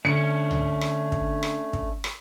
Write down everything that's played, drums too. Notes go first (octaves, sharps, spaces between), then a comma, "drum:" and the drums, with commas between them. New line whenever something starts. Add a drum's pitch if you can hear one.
D3 A3 C#4 D4 C#7
drum: tom
drum: rim click
drum: kick
drum: rim click
drum: kick
drum: rim click